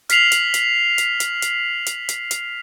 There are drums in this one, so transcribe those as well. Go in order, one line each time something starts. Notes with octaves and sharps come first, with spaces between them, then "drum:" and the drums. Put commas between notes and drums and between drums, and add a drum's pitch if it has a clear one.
F6 B6 C7 F7 F#7, drum: hi-hat
drum: hi-hat
drum: hi-hat
drum: hi-hat
drum: hi-hat
drum: hi-hat
drum: hi-hat
drum: hi-hat
drum: hi-hat